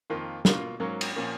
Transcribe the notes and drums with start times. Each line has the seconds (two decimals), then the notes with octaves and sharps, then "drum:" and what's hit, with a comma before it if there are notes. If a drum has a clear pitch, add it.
0.10 F2 D#3 A#3 F4
0.45 B2 A#3 F4, drum: snare
0.80 G#2 F#3 A#3 C#4
1.01 drum: cymbal
1.15 A#2 F3 A#3 C#4